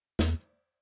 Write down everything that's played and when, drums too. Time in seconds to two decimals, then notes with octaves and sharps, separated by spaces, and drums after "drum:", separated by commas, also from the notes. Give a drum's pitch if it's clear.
0.19 E2, drum: snare